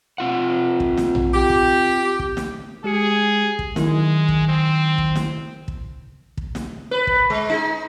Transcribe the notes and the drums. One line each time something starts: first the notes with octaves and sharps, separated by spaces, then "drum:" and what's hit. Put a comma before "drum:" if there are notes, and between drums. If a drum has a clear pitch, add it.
C4 F4 F#5
drum: kick
drum: snare
drum: tom A#1
G4
drum: kick
drum: kick
drum: snare
G#3 G4 G#4 C#7
drum: kick
D#3 F#3 G#3 E4, drum: snare
drum: kick
C4
drum: kick
drum: snare
drum: kick
drum: kick
drum: snare
B4
drum: kick
G#3
D#4